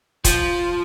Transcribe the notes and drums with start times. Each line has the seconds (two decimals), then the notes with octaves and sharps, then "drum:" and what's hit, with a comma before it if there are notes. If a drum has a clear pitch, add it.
0.25 F3, drum: kick D#1, hi-hat